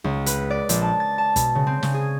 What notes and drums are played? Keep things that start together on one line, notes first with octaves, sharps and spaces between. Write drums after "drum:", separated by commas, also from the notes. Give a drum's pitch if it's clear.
C#2
B4, drum: hi-hat
D5
A#1, drum: hi-hat
A5
A6
A5
B2, drum: kick, hi-hat
C#3
C4
C#3, drum: snare
G#4